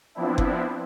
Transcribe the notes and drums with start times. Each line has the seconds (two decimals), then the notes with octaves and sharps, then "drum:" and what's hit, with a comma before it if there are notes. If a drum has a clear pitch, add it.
0.15 F3 B3 C4 D4 E4
0.38 drum: kick F#1